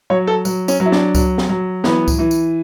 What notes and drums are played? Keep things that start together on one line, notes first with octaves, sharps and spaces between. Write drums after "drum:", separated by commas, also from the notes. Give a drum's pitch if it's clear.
F#3 C#5
A4
F#3, drum: tambourine
C#4, drum: tambourine
F#3
E4
D4, drum: snare
F#3, drum: kick C#2, tambourine
drum: snare
F#3
E3 B3, drum: snare
drum: kick C#2, tambourine
E3
drum: tambourine